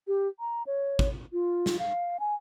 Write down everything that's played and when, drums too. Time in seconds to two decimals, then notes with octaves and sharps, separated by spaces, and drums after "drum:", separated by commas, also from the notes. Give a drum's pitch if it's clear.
0.07 G4
0.40 A#5
0.67 C#5
0.99 drum: kick
1.33 F4
1.66 drum: snare
1.79 F5
2.20 G#5